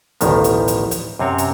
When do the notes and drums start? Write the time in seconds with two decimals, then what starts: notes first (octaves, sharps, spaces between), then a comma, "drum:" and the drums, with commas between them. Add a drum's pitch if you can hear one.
0.21 A1 D2 B2 D#3 F3, drum: hi-hat
0.44 drum: hi-hat
0.68 drum: hi-hat
0.91 drum: hi-hat
1.19 F#2 C3 C4 C#5
1.38 drum: hi-hat